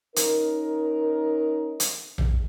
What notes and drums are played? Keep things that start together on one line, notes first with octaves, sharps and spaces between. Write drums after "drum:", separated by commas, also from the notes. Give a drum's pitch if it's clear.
C#4 D#4 A#4, drum: hi-hat
drum: hi-hat
drum: tom A#1